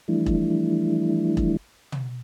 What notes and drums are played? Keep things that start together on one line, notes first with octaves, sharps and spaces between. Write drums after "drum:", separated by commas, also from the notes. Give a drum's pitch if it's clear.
E3 F3 G3 A3 D4 E4
drum: kick E1
drum: kick E1
drum: tom